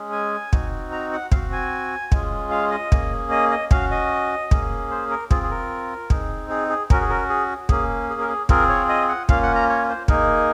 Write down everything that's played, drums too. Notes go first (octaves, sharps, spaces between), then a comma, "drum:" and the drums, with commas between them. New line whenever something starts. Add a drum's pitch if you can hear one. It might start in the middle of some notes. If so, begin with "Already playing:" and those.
Already playing: G#3 C#4 G#4
G#5
C4 D#4 F#4, drum: kick
A#5
F#5
C4 F#4 F5, drum: kick
G#5
G#3 C#4 F4 G#4, drum: kick
F5
D#5
A#3 C#4 G#4, drum: kick
D#5
D#5
C#4 F#4 F5, drum: kick
D#5
A#3 C#4 G#4, drum: kick
C5
A#4
C4 F4 G#4, drum: kick
G#4
A#4
C4 D#4 G#4, drum: kick
G#4
G#4
C#4 F#4 A#4, drum: kick
G#4
A#4
G#4
A#3 C#4 G#4, drum: kick
G#4
A#4
G#4
C4 F4 G#4 A#4, drum: kick
C#5
D#5
F#5
A#3 C#4 F4 F5, drum: kick
F#5
A#5
C#5
C5
A#3 D#4 G#4 A#4, drum: kick